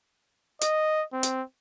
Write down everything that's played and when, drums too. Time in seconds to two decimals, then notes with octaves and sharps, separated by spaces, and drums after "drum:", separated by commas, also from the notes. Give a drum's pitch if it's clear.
0.61 D#5, drum: hi-hat
1.13 C4
1.23 drum: hi-hat